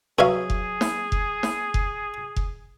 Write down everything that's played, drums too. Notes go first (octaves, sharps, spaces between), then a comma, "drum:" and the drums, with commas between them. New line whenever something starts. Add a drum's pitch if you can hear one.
F#3 G#4 B4 C#5 E5 F5
drum: kick F1
drum: snare
drum: kick F1
drum: snare
drum: kick F1
drum: kick F1